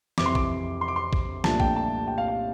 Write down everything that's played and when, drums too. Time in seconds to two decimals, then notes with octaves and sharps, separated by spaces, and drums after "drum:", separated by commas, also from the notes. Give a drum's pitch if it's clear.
0.18 F2 C3 E3 D6, drum: snare
0.26 C6
0.35 D6, drum: kick
0.81 C6
0.88 D6
0.96 C6
1.13 drum: kick
1.44 C2 A#2 F3 A3 D4 A5, drum: snare
1.60 G5, drum: kick
1.76 A5
2.07 G5
2.18 F5
2.28 F5